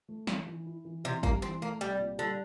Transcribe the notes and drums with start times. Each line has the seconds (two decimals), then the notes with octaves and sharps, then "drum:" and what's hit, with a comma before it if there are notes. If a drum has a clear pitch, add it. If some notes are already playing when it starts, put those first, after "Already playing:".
0.08 A3
0.27 E3, drum: snare
0.47 E3
0.66 E4
0.85 E3
1.04 C3 E3
1.23 G2 A#3, drum: kick G1
1.42 E3 C4
1.62 A3 A#3
1.80 C2 G3
1.99 A#2
2.18 D3 G3